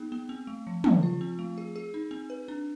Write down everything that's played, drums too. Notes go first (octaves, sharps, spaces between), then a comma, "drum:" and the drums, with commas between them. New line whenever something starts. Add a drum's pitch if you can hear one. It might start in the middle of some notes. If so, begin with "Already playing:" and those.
Already playing: B3 D#4 G#4
B3
C4
A3
F3
F3, drum: tom
F4
C4
A3
G#4
G#4
D#4
C4
B4
D4